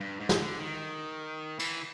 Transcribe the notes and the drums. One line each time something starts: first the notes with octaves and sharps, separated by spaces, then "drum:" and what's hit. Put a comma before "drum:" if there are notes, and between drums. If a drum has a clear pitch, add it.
G2
G#2
drum: snare
D3
D#3
E3, drum: cymbal